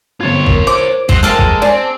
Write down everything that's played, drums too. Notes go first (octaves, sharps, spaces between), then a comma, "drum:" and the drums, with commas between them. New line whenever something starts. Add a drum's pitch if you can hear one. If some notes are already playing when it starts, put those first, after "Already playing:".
G1 C4 F4 C#5 G#6
A#4, drum: kick
C5 D6
C4 C5 D#5 F#5, drum: kick
F3 G#3 A#3 A4 A#4 D#5 G5
drum: kick
C4 D4 G#4 D5